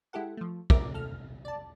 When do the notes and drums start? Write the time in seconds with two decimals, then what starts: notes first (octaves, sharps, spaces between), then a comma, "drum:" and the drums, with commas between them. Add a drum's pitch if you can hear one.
0.13 G#3 E4 G4 A4 F#5
0.37 F3 A3
0.70 A#4 E5 D6, drum: kick
0.94 A4 F6
1.45 D5 A5